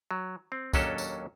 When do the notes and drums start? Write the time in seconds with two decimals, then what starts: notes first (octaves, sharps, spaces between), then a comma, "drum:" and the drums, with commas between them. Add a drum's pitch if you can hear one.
0.11 F#3
0.52 C4
0.73 D#2 F#3 A#3 C#4 D4 A4, drum: kick, tambourine
0.98 drum: tambourine